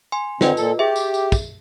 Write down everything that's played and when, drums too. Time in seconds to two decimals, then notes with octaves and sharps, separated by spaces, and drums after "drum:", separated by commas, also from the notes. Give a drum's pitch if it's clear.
0.12 G#5 C6
0.41 D3 C4 F4 B4 D#5, drum: snare
0.57 A#2 A4, drum: tambourine
0.79 G4 G#4 E5
0.96 drum: tambourine
1.14 drum: tambourine
1.32 drum: kick, tambourine